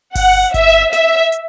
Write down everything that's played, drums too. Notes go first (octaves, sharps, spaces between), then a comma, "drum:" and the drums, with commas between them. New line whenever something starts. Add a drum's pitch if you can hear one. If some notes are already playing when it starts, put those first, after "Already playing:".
F#5, drum: kick G1, open hi-hat
E5, drum: kick G1, hi-hat
E5, drum: snare
drum: hi-hat